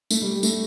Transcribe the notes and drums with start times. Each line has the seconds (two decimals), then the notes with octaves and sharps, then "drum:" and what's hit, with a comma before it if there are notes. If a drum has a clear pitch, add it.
0.11 A3, drum: tambourine
0.21 G3
0.33 G3
0.43 A3, drum: tambourine